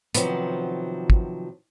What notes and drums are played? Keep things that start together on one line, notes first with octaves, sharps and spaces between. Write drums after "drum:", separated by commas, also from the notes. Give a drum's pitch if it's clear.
C3 D#3 F3 F#3 B3, drum: hi-hat
drum: kick